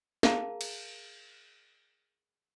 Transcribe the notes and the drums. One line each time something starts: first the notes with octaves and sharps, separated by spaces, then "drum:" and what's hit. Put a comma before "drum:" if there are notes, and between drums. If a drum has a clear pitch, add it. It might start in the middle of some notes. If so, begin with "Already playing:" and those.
G#4 A#4 F5 A5 A#5, drum: snare
drum: cymbal